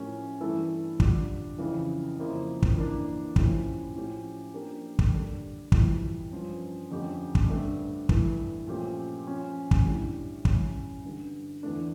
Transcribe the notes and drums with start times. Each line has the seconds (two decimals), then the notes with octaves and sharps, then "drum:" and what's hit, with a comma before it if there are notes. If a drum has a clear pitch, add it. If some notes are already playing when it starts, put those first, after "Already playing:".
Already playing: A2 F3 C#4 G4 A#4
0.41 G2 E3 A3 E4 A4
1.00 D3 G3 D4 F4, drum: kick
1.59 F2 C#3 E3
2.18 F2 C#3 F3 A#3 E4
2.62 drum: kick
2.77 E3 A#3 D4
3.36 A2 F3 C#4 E4 G4, drum: kick
3.96 A2 F3 C#4 G4
4.54 F3 A#3 D4 G4 A#4
4.99 drum: kick
5.13 D3 G3 D4 A4
5.72 F2 E3 G3, drum: kick
6.31 G2 F3 C#4
6.91 F2 D3 A3 C#4 G4
7.35 drum: kick
7.49 G2 D3 A3 D4
8.09 G2 E3 A3, drum: kick
8.67 A#2 F3 A3 C#4 G4
9.27 F3 C#4 F4
9.71 drum: kick
9.85 A2 G3 D4 G4
10.45 E3 G3 C#4 E4, drum: kick
11.04 G2 D3 G3 D4
11.63 E2 D3 A3 D4